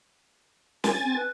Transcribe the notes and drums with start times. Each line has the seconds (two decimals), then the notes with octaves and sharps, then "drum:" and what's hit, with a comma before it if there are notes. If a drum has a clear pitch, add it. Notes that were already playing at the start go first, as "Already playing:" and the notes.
0.84 G#5 A6, drum: snare
1.03 C4
1.16 B4